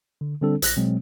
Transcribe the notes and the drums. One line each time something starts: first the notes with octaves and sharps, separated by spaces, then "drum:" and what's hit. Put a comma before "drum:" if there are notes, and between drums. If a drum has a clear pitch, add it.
D3
D3 G3 C4 D4 A4
A#1 F#6 A#6, drum: hi-hat
B2 F#3 G#3 C4